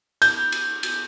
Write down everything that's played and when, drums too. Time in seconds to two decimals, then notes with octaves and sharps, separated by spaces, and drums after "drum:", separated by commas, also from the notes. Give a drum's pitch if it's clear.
0.22 G6, drum: cymbal
0.52 drum: cymbal
0.83 drum: cymbal